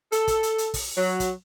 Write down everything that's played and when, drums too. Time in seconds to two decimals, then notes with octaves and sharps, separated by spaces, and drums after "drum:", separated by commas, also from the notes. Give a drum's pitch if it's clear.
0.12 A4, drum: hi-hat
0.28 drum: kick, hi-hat
0.43 drum: hi-hat
0.58 drum: hi-hat
0.74 drum: kick, open hi-hat
0.97 F#3
1.20 drum: kick, hi-hat